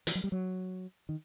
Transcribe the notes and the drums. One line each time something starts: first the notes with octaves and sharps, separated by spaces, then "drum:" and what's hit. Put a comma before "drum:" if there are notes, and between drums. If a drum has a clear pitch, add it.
E3, drum: hi-hat
F#3
G3
F#3
D#3